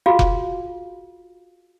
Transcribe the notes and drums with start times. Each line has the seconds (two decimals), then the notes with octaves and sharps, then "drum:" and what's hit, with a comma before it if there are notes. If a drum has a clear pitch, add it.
0.06 F4 F#4 G#4 F5
0.19 drum: kick F1